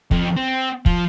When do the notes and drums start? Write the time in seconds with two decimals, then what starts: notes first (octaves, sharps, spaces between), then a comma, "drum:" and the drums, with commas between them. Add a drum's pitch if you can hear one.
0.11 F2, drum: kick
0.36 C4
0.86 F3, drum: kick